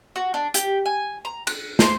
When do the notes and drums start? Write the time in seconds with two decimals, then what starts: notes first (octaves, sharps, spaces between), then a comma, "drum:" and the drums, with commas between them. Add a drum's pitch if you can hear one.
0.16 F#4
0.34 D4
0.54 G4, drum: hi-hat
0.86 G#5
1.25 A#5
1.47 F#6, drum: cymbal
1.79 C5, drum: snare